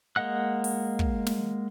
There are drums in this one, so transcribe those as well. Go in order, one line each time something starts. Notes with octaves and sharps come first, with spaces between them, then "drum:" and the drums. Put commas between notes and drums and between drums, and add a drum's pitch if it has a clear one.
G#3 A#3 D#5 F#5 F#6
drum: open hi-hat
drum: kick
drum: snare